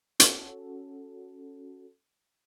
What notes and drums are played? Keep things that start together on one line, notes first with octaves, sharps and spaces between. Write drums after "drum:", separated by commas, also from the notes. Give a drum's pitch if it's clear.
C#4 F#4 A4, drum: hi-hat